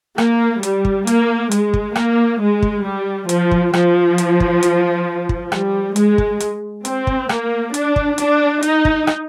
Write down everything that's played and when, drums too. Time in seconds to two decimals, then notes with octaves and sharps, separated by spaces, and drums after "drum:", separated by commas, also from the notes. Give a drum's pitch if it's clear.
0.18 A#3, drum: rim click
0.63 G3, drum: hi-hat
0.85 drum: kick
1.07 A#3, drum: hi-hat
1.51 G#3, drum: hi-hat
1.74 drum: kick
1.95 A#3, drum: rim click
2.40 G#3
2.63 drum: kick
2.84 G3
3.29 F3, drum: hi-hat
3.51 drum: kick
3.73 F3, drum: rim click
4.18 drum: hi-hat
4.40 drum: kick
4.63 drum: hi-hat
5.29 drum: kick
5.52 G3, drum: rim click
5.96 G#3, drum: hi-hat
6.18 drum: kick
6.40 drum: hi-hat
6.85 C4, drum: hi-hat
7.07 drum: kick
7.29 A#3, drum: rim click
7.74 D4, drum: hi-hat
7.96 drum: kick
8.18 D4, drum: hi-hat
8.63 D#4, drum: hi-hat
8.85 drum: kick
9.07 drum: rim click